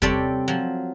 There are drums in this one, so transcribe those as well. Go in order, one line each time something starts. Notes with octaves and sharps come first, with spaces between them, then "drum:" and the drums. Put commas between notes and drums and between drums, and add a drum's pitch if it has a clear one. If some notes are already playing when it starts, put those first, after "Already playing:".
C3 G3 C4 A4 C#5 D5, drum: kick
F3 F#3